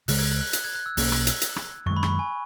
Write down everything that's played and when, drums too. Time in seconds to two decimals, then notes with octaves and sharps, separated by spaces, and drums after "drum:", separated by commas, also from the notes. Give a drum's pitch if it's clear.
0.08 C#2 C#3 G#3 F#6, drum: open hi-hat
0.19 G#6
0.31 F#6
0.41 F#6
0.53 F#6, drum: hi-hat
0.64 G#6
0.75 F#6
0.86 E6
0.97 B1 B2 A#3 C#4, drum: open hi-hat
1.12 drum: rim click
1.27 drum: hi-hat
1.41 drum: hi-hat
1.56 drum: rim click
1.86 F#2 D#3 G#3 C#6
1.96 B5
2.03 C#6, drum: rim click
2.08 B5
2.19 G#5